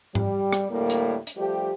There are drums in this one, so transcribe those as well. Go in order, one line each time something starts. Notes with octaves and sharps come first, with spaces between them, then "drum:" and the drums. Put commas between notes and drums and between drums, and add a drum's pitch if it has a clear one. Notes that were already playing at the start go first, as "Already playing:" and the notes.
G3, drum: tom G#2
drum: rim click
D2 A2 G3 A#3
drum: hi-hat
drum: hi-hat
F3 G3 A3 G4